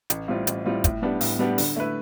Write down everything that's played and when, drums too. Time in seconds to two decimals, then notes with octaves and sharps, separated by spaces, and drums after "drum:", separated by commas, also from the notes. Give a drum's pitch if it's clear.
0.10 A1, drum: hi-hat
0.28 A2 G3 C4 F4
0.47 A1, drum: hi-hat
0.66 A2 G3 C4 F4
0.84 A2, drum: kick, hi-hat
1.02 G3 B3 D4 G4
1.21 A2, drum: open hi-hat
1.39 G3 B3 D4 G4
1.58 D3, drum: open hi-hat
1.76 A3 E4 B4